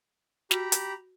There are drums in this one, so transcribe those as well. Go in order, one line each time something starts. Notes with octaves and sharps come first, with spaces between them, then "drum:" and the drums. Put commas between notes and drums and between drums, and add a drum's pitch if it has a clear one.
F#4 G4 A#5 B5, drum: snare
drum: hi-hat